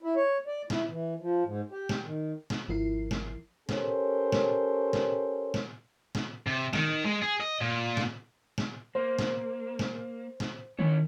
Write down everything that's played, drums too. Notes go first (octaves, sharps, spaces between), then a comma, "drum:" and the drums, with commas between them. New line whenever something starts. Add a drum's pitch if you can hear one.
E4
C#5
D5
E4, drum: snare
E3
F3
G#2
G4
drum: snare
D#3
drum: snare
G#1 F3 E4 A#4 C7
drum: snare
C#4 G4 A4 A#4 C5 C#5, drum: snare
drum: snare
drum: snare
drum: snare
drum: snare
C3
D#3, drum: snare
G#3
G#4
D#5
A#2
drum: snare
drum: snare
A#3 C5
drum: snare
drum: snare
drum: snare
D#3 C#4 E4 C#5